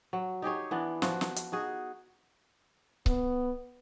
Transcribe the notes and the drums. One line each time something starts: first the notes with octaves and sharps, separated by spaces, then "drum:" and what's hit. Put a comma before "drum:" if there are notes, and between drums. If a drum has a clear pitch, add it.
F#3
D#4 G4 G#4 C#5
E3 B3 D4
F3 F#4, drum: snare
drum: snare
drum: hi-hat
D#4 F#4 G#4
B3, drum: kick C#1